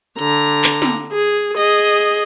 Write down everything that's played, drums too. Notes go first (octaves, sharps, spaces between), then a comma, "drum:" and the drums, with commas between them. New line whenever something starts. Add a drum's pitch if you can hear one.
D3 A#5, drum: hi-hat
drum: clap
drum: snare
G#4
G#4 D#5, drum: hi-hat